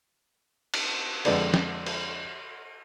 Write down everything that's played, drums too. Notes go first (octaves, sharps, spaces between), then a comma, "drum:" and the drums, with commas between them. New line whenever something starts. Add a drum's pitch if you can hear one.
drum: cymbal
F2 D3 G#3 D4 B4 D5, drum: cymbal
drum: snare
drum: cymbal